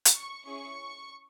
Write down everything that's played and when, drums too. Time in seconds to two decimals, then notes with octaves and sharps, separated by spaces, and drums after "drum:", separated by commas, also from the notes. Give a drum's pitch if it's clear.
0.05 drum: hi-hat
0.15 C#6
0.45 C#4 E4 G#4 C#6